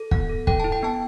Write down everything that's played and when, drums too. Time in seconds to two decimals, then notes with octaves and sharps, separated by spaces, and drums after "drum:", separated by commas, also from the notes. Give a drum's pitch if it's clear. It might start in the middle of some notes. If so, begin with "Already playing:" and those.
Already playing: A4
0.11 B3 F#5, drum: kick
0.29 A4
0.47 A4 G5, drum: kick
0.60 E4 A5
0.72 G5
0.83 B3 A5